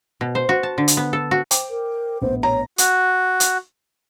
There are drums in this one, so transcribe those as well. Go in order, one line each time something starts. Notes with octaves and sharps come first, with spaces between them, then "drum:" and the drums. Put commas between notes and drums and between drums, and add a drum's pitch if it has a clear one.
B2
C5
F#4
A5
D3
drum: hi-hat
B3
A4
F#4
C5 G5 D6, drum: hi-hat
A#4
A#1 A2 B3 C5
C#5 A#5
F#4, drum: hi-hat
drum: hi-hat